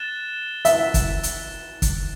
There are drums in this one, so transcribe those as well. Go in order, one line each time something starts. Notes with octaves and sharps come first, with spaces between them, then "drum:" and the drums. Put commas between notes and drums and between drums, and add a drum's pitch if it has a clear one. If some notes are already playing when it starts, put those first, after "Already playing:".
Already playing: F#6 A6 E7 G7
E5, drum: hi-hat
drum: kick, hi-hat
drum: hi-hat
drum: kick, hi-hat